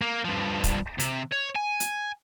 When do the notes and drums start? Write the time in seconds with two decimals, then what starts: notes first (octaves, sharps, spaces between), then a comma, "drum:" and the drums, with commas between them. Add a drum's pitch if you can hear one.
0.02 A#3
0.25 G2 F3
0.64 drum: kick, hi-hat
0.99 C3, drum: hi-hat
1.32 C#5
1.56 G#5
1.80 drum: hi-hat